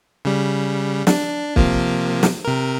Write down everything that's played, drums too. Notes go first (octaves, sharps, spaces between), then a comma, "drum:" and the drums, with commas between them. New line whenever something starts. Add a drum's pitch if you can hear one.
C#3 G3
D4, drum: snare
C3 F3 A#3, drum: kick
drum: snare
C3 A#4